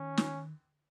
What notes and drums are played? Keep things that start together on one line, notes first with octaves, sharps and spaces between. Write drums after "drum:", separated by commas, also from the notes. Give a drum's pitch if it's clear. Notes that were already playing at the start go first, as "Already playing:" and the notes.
Already playing: D#3 C#4
drum: snare